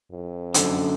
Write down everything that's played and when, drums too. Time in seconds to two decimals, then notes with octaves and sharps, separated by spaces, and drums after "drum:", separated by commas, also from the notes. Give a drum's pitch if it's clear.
0.11 F2
0.54 F#2 D3, drum: hi-hat